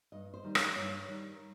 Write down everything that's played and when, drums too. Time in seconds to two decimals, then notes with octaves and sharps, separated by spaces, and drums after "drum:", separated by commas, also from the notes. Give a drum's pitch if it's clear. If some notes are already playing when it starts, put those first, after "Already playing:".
0.12 G2 D#5
0.34 C5
0.44 D#3 G3
0.55 C#5, drum: rim click
0.76 G2 C#5
1.08 D#3 G3